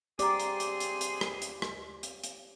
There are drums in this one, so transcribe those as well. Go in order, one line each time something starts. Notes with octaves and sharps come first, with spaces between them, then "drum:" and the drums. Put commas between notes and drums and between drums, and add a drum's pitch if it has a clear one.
C3 G4 G#4 D5 A#5 C6 D6, drum: hi-hat
drum: hi-hat
drum: hi-hat
drum: hi-hat
drum: hi-hat
drum: rim click
drum: hi-hat
drum: rim click
drum: hi-hat
drum: hi-hat